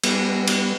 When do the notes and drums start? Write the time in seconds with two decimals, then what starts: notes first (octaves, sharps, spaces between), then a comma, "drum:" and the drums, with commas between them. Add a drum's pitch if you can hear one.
0.04 G3 B3, drum: cymbal
0.48 drum: cymbal